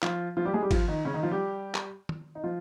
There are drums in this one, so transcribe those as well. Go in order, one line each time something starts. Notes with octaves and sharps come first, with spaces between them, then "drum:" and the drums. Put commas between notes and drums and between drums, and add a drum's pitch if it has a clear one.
F3 F4, drum: clap
F3 F4
G3 G4
G#3 G#4
G3 G4
F3 F4, drum: kick G#1, cymbal
D#3 D#4
C#3 C#4
D#3 D#4
F3 F4
G3 G4
drum: clap
drum: tom
D#4
F3 F4